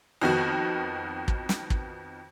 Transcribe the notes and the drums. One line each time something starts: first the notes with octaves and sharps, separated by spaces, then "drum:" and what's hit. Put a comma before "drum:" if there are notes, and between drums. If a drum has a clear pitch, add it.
F2 D#3 B3 F#4
drum: kick
drum: snare
drum: kick